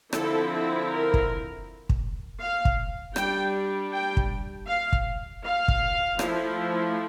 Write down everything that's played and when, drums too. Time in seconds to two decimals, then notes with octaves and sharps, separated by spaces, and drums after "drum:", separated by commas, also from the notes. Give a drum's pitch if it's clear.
0.13 D3 F3 C4 E4 A4, drum: rim click
0.88 A#4
1.14 drum: kick
1.89 drum: kick
2.40 F5
2.65 drum: kick
3.16 G3 D4 G5, drum: rim click
3.92 G5
4.17 drum: kick
4.67 F5
4.93 drum: kick
5.43 F5
5.68 drum: kick
6.19 F3 A3 E4, drum: rim click